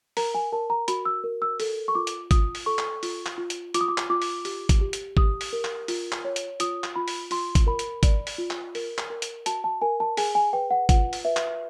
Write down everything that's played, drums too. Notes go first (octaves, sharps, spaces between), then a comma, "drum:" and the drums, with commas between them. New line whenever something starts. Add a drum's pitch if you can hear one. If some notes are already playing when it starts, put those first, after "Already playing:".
A#4 A#5, drum: open hi-hat
G#5
A#4 A5
A#5
F#4 B5, drum: hi-hat
E6
A#4
E6
A4, drum: open hi-hat
C#6
F4 D6
drum: hi-hat
F4 D#6, drum: kick G#1, hi-hat
drum: open hi-hat
A4 C#6
drum: clap
F4, drum: open hi-hat
drum: clap
F4
drum: hi-hat
F4 D6, drum: hi-hat
D#6
D6
drum: clap
F4 D6
drum: open hi-hat
G4, drum: open hi-hat
drum: kick G#1, hi-hat
G4
drum: hi-hat
G4 D#6, drum: kick G#1
drum: open hi-hat
A#4
drum: clap
F4, drum: open hi-hat
drum: clap
C#5
drum: hi-hat
F4 D#6, drum: hi-hat
drum: clap
F4 B5
drum: open hi-hat
F4 C6, drum: open hi-hat
drum: kick G#1, hi-hat
A#4 B5
drum: hi-hat
D5, drum: kick G#1, hi-hat
drum: open hi-hat
F4
drum: clap
A#4, drum: open hi-hat
drum: clap
A#4
drum: hi-hat
F#4 A5, drum: hi-hat
A5
A#4 G#5
A5
G#4 G#5, drum: open hi-hat
G#5
B4 G5
F#5
F4 F#5, drum: kick G#1, hi-hat
drum: open hi-hat
B4 E5
drum: clap